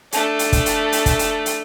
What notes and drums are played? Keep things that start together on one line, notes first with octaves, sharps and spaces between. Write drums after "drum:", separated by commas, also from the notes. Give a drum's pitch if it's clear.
A3 D4, drum: hi-hat
drum: hi-hat
drum: kick, hi-hat
drum: hi-hat
drum: hi-hat
drum: kick, hi-hat
drum: hi-hat
drum: hi-hat